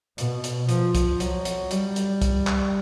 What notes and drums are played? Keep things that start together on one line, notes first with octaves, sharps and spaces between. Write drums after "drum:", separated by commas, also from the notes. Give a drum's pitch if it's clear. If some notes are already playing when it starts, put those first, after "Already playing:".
B2, drum: hi-hat
drum: hi-hat
F3, drum: hi-hat
drum: kick, hi-hat
F#3, drum: hi-hat
drum: hi-hat
G3, drum: hi-hat
drum: hi-hat
drum: kick, hi-hat
drum: clap